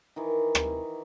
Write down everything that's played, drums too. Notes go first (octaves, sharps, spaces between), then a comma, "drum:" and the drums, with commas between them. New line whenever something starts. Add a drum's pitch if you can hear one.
D#3 E3
drum: rim click